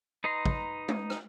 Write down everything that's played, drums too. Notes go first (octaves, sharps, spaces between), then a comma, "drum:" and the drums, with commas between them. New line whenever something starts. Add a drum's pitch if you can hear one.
D#4 B4 D#5 A#5 C6
drum: kick
drum: tom G#3
drum: rim click